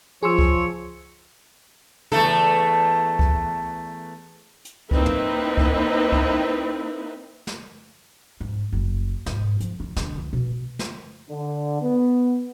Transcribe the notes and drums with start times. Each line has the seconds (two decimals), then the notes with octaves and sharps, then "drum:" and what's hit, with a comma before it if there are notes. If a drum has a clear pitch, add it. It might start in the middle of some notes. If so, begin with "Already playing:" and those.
0.23 F3 G#4 C#5 C6 E6
0.39 drum: kick C#2
2.12 E2 A3 A4, drum: tom
3.19 drum: kick C#2
4.65 drum: hi-hat
4.91 A#3 C4 D#4 E4 B4, drum: kick C#2
5.06 drum: tom
5.57 drum: kick C#2
6.12 drum: kick C#2
7.47 drum: snare
8.40 G#2
8.72 F#1
9.26 G#2, drum: snare
9.60 F3, drum: hi-hat
9.80 D#3
9.96 D3, drum: snare
10.18 C#2
10.33 B2
10.79 drum: snare
11.30 D3
11.82 B3